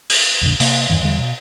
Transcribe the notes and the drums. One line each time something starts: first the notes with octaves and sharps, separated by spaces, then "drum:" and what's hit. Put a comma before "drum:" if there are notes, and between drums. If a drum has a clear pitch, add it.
drum: open hi-hat
B1 F2 A#2 D3
C3 A#3, drum: open hi-hat
E2 G2 D#3 E3
E2 D3 D#3 G3
B2